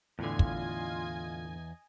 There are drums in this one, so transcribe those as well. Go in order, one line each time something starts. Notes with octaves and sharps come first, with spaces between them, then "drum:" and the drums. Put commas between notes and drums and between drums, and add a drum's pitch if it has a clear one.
E2 A2 D3 F4 D#5 G#5
drum: kick